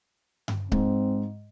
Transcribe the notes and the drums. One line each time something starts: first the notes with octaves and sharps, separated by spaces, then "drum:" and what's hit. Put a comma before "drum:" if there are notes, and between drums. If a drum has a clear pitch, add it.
drum: tom G2
G#2 C4, drum: kick C#1